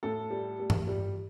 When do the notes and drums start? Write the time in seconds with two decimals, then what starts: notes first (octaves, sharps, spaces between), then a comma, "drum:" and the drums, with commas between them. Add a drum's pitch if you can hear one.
0.03 A2 A4
0.30 G3
0.60 G3
0.70 drum: tom G2
0.87 G3